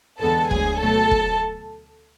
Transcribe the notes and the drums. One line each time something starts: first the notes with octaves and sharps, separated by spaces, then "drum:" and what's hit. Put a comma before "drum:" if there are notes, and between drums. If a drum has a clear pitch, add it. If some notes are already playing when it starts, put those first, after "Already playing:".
E2 D3 G#3 B3 A4 A5
D2 D3 F#3 G#4 G#5, drum: kick
B2 F#3 A3 A4 A5
drum: kick